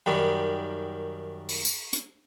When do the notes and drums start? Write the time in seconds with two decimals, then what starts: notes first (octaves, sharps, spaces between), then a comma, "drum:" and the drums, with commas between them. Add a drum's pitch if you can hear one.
0.06 F#2 D#3 G3
1.49 drum: open hi-hat
1.65 drum: tambourine
1.93 drum: hi-hat